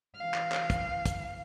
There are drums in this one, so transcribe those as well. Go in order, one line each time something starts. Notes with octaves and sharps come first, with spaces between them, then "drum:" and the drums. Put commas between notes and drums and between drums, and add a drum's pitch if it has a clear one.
E3 F5
drum: clap
drum: clap
drum: kick, hi-hat
drum: kick, hi-hat